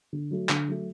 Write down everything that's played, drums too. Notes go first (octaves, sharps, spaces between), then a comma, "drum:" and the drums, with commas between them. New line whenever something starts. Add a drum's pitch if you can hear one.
D3
F#3 A3
D3, drum: clap
F#3 A3